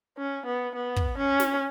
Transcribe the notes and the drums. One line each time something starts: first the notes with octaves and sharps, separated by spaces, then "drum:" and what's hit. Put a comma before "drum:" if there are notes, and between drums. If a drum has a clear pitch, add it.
C#4
B3
B3
drum: kick
C#4
drum: snare